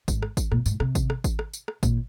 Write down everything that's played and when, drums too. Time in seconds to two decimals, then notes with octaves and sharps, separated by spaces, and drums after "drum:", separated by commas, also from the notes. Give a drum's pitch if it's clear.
0.08 G#2, drum: kick G#1, tambourine
0.22 drum: rim click
0.37 drum: kick G#1, tambourine
0.52 A#2, drum: rim click
0.66 G#2, drum: tambourine
0.80 C3, drum: rim click
0.95 drum: kick G#1, tambourine
1.10 drum: rim click
1.24 drum: kick G#1, tambourine
1.39 drum: rim click
1.53 drum: tambourine
1.68 drum: rim click
1.83 A#2, drum: kick G#1, tambourine